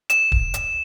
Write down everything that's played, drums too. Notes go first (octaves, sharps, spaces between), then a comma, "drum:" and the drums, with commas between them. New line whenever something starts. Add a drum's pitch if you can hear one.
E7, drum: hi-hat
drum: kick
drum: hi-hat